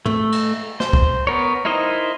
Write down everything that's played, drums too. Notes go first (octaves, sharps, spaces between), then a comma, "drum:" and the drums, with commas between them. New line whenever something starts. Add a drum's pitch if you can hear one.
A3, drum: tom
drum: cymbal
C5, drum: snare
drum: kick C2
B3 A#4 C#5
D#4 E4 A#4 C5 D#5